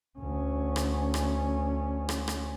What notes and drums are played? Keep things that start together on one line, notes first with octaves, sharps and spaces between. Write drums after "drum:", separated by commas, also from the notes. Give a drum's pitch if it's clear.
D2 C#4
drum: rim click
drum: rim click
drum: rim click
drum: rim click